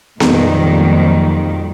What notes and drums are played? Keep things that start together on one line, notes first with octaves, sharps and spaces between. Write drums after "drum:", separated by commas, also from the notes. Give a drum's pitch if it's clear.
F2 A#2 D#3 F#3 G3, drum: snare B3